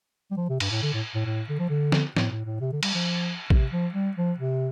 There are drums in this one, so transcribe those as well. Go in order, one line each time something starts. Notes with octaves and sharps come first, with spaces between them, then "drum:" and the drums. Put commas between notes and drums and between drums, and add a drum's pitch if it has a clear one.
G3
F3
C3
G2, drum: cymbal
A2
D3
A2
A2
A2
D3
F3
D3
drum: snare
A2, drum: snare
A2
A2
C3
D3
G3, drum: cymbal
F3
C3, drum: kick
F3
G3
F3
C3